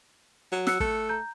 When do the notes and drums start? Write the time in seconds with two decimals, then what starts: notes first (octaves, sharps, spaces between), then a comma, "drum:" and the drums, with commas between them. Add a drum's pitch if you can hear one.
0.52 F#3
0.67 E6 F#6 C#7, drum: snare
0.80 A3, drum: kick
1.09 A#5 G6